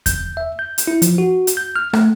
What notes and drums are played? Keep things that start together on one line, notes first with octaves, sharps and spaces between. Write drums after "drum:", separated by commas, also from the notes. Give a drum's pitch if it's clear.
G6, drum: kick E2, hi-hat
E5
G6
drum: hi-hat
E4
F3, drum: hi-hat
F#4
drum: hi-hat
G6
F6
A3, drum: rim click